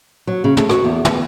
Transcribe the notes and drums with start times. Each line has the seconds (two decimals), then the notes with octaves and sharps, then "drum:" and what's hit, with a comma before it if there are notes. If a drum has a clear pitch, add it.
0.27 F#3
0.44 C#3
0.57 A3, drum: tom
0.69 F#4, drum: rim click
0.84 E2
1.05 B3, drum: tom